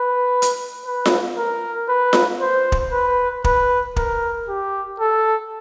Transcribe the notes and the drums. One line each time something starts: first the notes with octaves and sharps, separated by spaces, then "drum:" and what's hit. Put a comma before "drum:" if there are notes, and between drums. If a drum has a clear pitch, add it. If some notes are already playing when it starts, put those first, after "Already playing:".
Already playing: B4
drum: hi-hat
B4
drum: snare F4
A#4
B4
drum: snare F4
C5
drum: kick
B4
B4, drum: kick
A#4, drum: kick
G4
A4